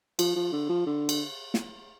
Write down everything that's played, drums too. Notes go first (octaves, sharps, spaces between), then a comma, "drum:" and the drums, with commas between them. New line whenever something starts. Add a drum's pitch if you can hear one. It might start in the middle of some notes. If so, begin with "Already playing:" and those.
F3, drum: cymbal
F3
D3
F3
D3
drum: cymbal
drum: snare